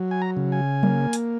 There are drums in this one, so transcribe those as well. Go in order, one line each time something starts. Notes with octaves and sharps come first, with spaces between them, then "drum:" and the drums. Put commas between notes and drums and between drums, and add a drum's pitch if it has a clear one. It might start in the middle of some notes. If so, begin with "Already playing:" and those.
Already playing: F#3
G#5
A#5
C#3
G#5
A#3, drum: tom F#3
drum: hi-hat